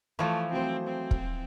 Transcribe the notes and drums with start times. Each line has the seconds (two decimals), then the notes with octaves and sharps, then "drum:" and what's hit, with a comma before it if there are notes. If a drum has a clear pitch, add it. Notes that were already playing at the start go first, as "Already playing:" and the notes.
0.19 E3 F3 A3 A5 C#6 G#6
0.53 F#3 A3 C4 C5
0.87 C4
1.11 drum: kick